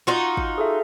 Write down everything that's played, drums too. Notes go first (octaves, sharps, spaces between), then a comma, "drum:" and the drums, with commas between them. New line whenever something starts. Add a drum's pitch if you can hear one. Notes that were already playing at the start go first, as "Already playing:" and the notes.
D#4 F4 F#4
drum: kick
G#4 A4 E5